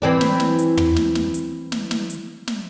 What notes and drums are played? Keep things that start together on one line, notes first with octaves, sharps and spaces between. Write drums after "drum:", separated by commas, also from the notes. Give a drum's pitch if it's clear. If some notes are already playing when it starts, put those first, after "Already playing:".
E3 C4 D5
drum: snare
drum: snare
drum: hi-hat
drum: tom
drum: snare
drum: snare
drum: hi-hat
drum: snare
drum: snare
drum: hi-hat
drum: snare